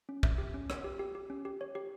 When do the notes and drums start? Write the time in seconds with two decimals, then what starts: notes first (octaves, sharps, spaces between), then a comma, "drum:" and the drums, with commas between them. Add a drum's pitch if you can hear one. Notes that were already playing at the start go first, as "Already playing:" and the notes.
0.09 C#4
0.23 E5, drum: kick
0.38 G4
0.54 C#4
0.70 C#5, drum: rim click
0.84 G4
0.99 G4
1.15 G4
1.30 C#4
1.45 G4
1.61 C#5
1.75 G4